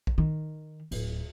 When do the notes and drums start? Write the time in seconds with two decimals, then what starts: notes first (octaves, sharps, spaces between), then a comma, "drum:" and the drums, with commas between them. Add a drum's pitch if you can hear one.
0.07 drum: kick A#1
0.18 D#3
0.91 D1, drum: cymbal